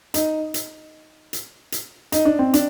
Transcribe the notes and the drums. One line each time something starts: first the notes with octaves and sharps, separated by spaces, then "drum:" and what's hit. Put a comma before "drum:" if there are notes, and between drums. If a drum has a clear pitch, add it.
D#4, drum: hi-hat
drum: hi-hat
drum: hi-hat
drum: hi-hat
D#4, drum: hi-hat
D4
C4
D4, drum: hi-hat